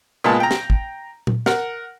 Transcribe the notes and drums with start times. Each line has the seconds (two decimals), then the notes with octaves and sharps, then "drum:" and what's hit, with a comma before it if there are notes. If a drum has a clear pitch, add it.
0.24 A#2 G#3 B3 A5
0.40 G5 A#5
0.51 drum: snare
0.70 drum: kick
1.27 drum: tom A#2
1.46 A#4 F#5, drum: snare